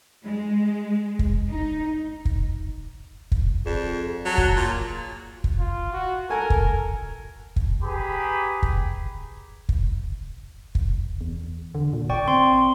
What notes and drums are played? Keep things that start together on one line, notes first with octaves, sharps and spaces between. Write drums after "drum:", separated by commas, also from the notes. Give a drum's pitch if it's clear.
G#3
drum: kick
D#4
drum: kick
drum: kick
F2 G#4 D5 E7
F#3 A5 A6
drum: kick
A#2
drum: kick
F4
F#4
A4 A#4 G#5
drum: kick
drum: kick
G4 G#4 B4 A#5 B5
drum: kick
drum: kick
drum: kick
E2
D3
A#2
G#1 D5 G5 C#6
C4 C6